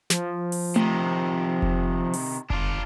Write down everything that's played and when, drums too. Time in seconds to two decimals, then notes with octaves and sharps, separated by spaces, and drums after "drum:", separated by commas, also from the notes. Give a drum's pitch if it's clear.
0.10 F3, drum: snare
0.52 drum: open hi-hat
0.76 C3 D#3, drum: tom A3
1.62 drum: kick F1
2.14 drum: open hi-hat
2.50 G1 D4 F4, drum: kick F1